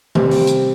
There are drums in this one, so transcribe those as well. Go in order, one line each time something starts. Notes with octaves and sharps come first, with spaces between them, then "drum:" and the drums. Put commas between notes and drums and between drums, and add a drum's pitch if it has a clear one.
C3 G3 C4, drum: tom D#3
drum: open hi-hat
drum: hi-hat